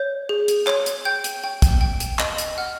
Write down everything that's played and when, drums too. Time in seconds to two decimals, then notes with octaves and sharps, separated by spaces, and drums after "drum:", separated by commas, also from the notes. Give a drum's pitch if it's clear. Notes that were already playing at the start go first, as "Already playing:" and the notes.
Already playing: C#5 G6
0.29 G#4
0.48 drum: hi-hat
0.67 C#5, drum: clap
0.86 drum: hi-hat
1.05 G5 G6
1.24 drum: hi-hat
1.44 G5
1.62 drum: kick, hi-hat
1.81 G5
2.00 drum: hi-hat
2.19 D#5, drum: clap
2.38 drum: hi-hat
2.58 F#5 F6